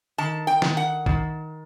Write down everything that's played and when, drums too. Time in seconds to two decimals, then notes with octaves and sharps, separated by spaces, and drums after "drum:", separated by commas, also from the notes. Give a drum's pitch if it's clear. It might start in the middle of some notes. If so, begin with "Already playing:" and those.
0.18 D#3 A5
0.47 G5
0.62 D#3, drum: snare
0.77 F#5
1.06 D#3, drum: kick